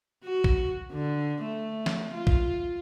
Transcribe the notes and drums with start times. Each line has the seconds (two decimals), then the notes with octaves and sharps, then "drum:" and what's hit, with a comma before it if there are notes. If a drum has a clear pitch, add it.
0.24 F#4
0.44 drum: kick
0.92 D3
1.43 A3
1.86 drum: snare
2.14 F4
2.27 drum: kick